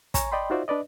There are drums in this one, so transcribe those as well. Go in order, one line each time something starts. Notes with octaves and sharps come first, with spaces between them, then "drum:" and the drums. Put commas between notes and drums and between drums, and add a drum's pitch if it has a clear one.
C#5 G#5 A#5 C#6, drum: kick, hi-hat
D5 D#5 G5 B5 C6
D#4 F4 F#4 C5 D5 E5
D4 B4 D5 D#5